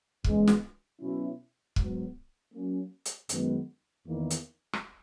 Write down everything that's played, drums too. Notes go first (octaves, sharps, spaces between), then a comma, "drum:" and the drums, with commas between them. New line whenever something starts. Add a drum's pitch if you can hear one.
E2 C#3 G#3, drum: kick
drum: snare
B2 F#3 C#4 E4
G#2 F#3 B3, drum: kick
F#3 A#3 C#4
drum: hi-hat
F#2 D#3 G#3 B3, drum: hi-hat
E2 D#3 A#3 E4 A#4
drum: hi-hat
drum: rim click